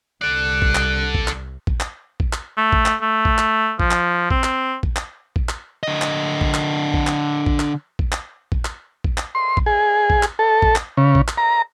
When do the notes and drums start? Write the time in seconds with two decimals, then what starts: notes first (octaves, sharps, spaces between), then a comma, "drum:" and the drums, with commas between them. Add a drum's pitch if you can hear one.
0.21 C2 A4 D5 F#6
0.62 drum: kick A1
0.75 drum: clap
1.15 drum: kick A1
1.28 drum: clap
1.67 drum: kick A1
1.80 drum: clap
2.20 drum: kick A1
2.33 drum: clap
2.58 A3
2.73 drum: kick A1
2.86 drum: clap
3.02 A3
3.25 drum: kick A1
3.38 drum: clap
3.80 F3, drum: kick A1
3.91 drum: clap
4.30 C4, drum: kick A1
4.44 drum: clap
4.83 drum: kick A1
4.96 drum: clap
5.36 drum: kick A1
5.49 drum: clap
5.83 D3 D#5
6.02 drum: clap
6.41 drum: kick A1
6.54 drum: clap
6.94 drum: kick A1
7.07 drum: clap
7.46 drum: kick A1
7.60 drum: clap
7.99 drum: kick A1
8.12 drum: clap
8.52 drum: kick A1
8.65 drum: clap
9.04 drum: kick A1
9.18 drum: clap
9.35 C6
9.57 drum: kick A1
9.66 G#4
10.10 drum: kick A1
10.23 drum: clap
10.39 A4
10.62 drum: kick A1
10.76 drum: clap
10.97 C#3
11.15 drum: kick A1
11.28 drum: clap
11.38 A#5